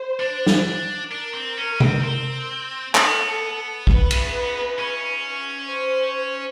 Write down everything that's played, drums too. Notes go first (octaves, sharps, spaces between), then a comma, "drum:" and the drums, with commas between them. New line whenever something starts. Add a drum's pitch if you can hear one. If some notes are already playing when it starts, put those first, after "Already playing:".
Already playing: C5
D4
drum: snare
D4 A#4
C4
C#4
C4, drum: tom C3
C4
B3 A4, drum: clap
B4, drum: kick
drum: cymbal
C#4
C5